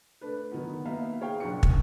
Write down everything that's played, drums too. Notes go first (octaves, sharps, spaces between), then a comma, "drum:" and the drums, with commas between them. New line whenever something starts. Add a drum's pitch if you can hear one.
A3 D4 B4
D#3 F#3 B3
A#3 B3 D#4 E5 F5
G#4 C#5 F5 G5
F#1 B1 D4 F#4 C#6 C#7
drum: kick